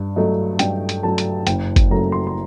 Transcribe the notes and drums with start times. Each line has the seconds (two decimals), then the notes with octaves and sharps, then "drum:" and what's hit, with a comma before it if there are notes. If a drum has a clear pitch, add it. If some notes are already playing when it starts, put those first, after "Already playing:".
Already playing: G2
0.16 F#3 A3 D#5
0.59 G2 G5, drum: hi-hat
0.89 drum: hi-hat
1.03 F#3 A3 A5
1.18 drum: hi-hat
1.47 F#1 G5, drum: hi-hat
1.76 drum: kick F#1, hi-hat
1.91 F#2 F#3 A3 A#5
2.12 C6
2.27 C6